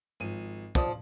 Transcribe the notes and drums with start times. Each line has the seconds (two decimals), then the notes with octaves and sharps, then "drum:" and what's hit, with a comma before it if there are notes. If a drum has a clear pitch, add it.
0.20 G#1 F3 D#7
0.75 F3 D5 D#6, drum: kick